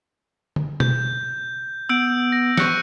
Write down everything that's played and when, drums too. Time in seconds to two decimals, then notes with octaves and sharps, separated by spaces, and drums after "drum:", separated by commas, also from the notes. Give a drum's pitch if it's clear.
0.56 drum: tom D3
0.80 G6, drum: tom B2
1.89 B3 E6 G6 D7
2.32 A#6
2.57 C#6 F#6 C#7, drum: snare